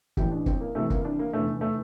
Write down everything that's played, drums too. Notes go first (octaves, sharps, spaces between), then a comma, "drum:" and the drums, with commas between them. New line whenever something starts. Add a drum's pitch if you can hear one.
A1 A2 E3 G4, drum: kick
D4
C4, drum: kick
A#3
C2 C3 E3 A3
A#3, drum: kick
D4
A#3
F1 E2 D3 A3
A3